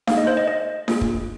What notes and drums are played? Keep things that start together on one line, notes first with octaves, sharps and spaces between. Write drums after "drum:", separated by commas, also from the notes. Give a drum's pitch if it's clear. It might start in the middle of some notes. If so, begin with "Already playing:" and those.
A#3 D#4 G#4 F5, drum: snare D4
D#5
C5
D#5
D#5
A#3 F4 G#4, drum: snare D4
drum: kick